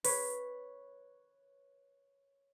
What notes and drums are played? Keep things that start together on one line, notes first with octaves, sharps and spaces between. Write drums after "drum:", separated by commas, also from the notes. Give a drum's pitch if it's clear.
B4 C#5, drum: open hi-hat